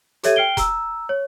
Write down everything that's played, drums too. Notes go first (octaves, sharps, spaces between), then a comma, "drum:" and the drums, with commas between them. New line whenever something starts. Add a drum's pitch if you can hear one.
G4 A4 C#5 E5 G#6 D#7, drum: hi-hat
G5 F6 C7 D7 G7
A#5 E6, drum: kick E1, hi-hat
C#5